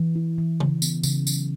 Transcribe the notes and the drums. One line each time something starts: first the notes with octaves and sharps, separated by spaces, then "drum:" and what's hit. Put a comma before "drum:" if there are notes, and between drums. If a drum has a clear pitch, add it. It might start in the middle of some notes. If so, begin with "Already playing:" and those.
Already playing: E3
E4
E3
C#3, drum: tom C#3
B3, drum: tambourine
C#3, drum: tambourine
F#3, drum: tambourine